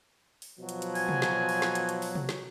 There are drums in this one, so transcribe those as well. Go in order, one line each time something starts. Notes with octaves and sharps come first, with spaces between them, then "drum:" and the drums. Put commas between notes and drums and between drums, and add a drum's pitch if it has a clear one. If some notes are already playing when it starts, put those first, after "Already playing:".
drum: open hi-hat
B2 F3 F#3
drum: hi-hat
drum: hi-hat
G#5, drum: open hi-hat
drum: tom
drum: snare
drum: open hi-hat
drum: snare
drum: hi-hat
drum: hi-hat
drum: open hi-hat
drum: tom
drum: snare